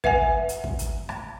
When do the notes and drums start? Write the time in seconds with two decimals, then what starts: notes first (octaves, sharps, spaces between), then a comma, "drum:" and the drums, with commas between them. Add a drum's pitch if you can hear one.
0.04 B4 E5 F#5 G#5, drum: kick
0.49 drum: hi-hat
0.64 drum: kick
0.79 drum: hi-hat
1.09 drum: rim click